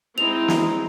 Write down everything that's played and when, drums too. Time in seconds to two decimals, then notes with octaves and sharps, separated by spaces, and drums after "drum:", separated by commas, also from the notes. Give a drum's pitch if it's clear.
0.18 G#3 C4 D#4 E4 F7
0.48 drum: snare